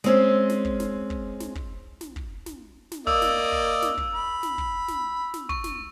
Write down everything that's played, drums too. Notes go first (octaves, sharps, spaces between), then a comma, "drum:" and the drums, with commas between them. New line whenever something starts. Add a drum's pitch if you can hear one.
G#3 C4 C#4, drum: snare
drum: snare
drum: kick
drum: snare
drum: kick
drum: snare
drum: kick
drum: snare
drum: kick
drum: snare
drum: snare
A#3 D5 D#5 E6, drum: kick
drum: snare
drum: kick
drum: snare
drum: kick
B5
drum: snare
drum: kick
drum: snare
drum: snare
C#6, drum: kick
drum: snare